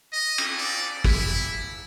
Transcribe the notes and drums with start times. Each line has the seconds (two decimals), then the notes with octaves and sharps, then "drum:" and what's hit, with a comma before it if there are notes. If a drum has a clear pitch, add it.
0.13 D#5
0.38 drum: cymbal
0.58 D5
1.04 E4, drum: kick